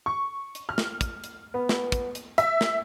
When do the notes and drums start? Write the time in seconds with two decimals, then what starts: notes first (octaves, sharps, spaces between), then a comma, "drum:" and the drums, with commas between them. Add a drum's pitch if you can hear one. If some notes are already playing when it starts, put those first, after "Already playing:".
0.06 C#6
0.55 drum: hi-hat
0.69 F6
0.78 drum: snare
1.01 drum: kick, hi-hat
1.24 drum: hi-hat
1.54 B3
1.69 drum: snare
1.92 drum: kick, hi-hat
2.15 drum: hi-hat
2.38 E5, drum: hi-hat
2.61 drum: snare